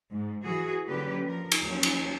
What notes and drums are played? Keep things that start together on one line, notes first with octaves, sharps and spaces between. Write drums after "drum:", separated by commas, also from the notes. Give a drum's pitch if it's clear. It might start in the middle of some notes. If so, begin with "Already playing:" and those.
G#2
E3 F#4 G#4
D3 F#3 A#3 C#4 G4 B4
F3 A#4
drum: cymbal
D#2 F3 F#3 C#4
drum: cymbal